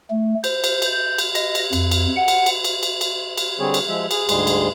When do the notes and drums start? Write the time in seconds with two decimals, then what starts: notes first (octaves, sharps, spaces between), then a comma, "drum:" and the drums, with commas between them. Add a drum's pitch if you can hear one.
0.10 A3
0.44 C5, drum: cymbal
0.64 drum: cymbal
0.82 drum: cymbal
0.92 G6
1.18 drum: cymbal
1.35 D#5, drum: cymbal
1.55 drum: cymbal
1.73 F2, drum: cymbal
1.91 drum: cymbal
2.16 F#5
2.28 drum: cymbal
2.46 drum: cymbal
2.64 drum: cymbal
2.83 drum: cymbal
3.01 drum: cymbal
3.37 drum: cymbal
3.60 D3 G3 C4 G#4 C#5
3.74 drum: cymbal
3.88 F3 G#3 E5
4.11 G#4, drum: cymbal
4.29 D2 G#2 G3 G#3 G#4 C6, drum: cymbal
4.47 drum: cymbal